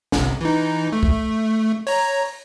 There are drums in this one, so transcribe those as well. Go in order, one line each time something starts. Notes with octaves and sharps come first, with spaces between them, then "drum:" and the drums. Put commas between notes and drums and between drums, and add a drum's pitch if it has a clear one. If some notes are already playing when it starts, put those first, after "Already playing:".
G1 C2 C3, drum: snare
E3 D#4
A3
drum: kick
C#5 A#5, drum: open hi-hat